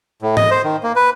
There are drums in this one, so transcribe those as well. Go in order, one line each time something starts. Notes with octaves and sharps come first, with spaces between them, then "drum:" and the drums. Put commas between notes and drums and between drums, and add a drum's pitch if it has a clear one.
A2
D#5, drum: tom G#2
C5
D#3
A#3
B4